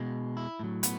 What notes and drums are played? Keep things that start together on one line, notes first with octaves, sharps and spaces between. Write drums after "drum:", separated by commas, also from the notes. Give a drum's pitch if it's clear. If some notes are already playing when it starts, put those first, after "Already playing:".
Already playing: B2 G#3
E4
A2 F#3
B3, drum: hi-hat